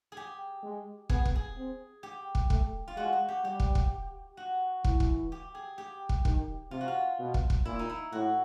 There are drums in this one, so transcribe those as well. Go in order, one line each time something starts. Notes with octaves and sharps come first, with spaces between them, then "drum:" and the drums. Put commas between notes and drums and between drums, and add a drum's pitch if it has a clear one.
G4 G#4
G#3
B3 G#4, drum: kick
drum: kick
G#4
C4
G4
drum: kick
A3, drum: kick
F4
G#3 F#4
F#4
G4
G3 G4
drum: kick
drum: kick
F#4
E3, drum: kick
drum: kick
G4
G#4
G4
drum: kick
D#3, drum: kick
C3 F4
F#4
F4
B2
drum: kick
drum: kick
A#2 E4
D#4
E4
A2 F#4